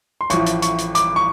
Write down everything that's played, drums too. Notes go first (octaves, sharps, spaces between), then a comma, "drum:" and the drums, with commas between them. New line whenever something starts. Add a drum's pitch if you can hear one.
C6
A1 A2 F3 C#6, drum: hi-hat
drum: hi-hat
C#6, drum: hi-hat
drum: hi-hat
D6, drum: hi-hat
C#6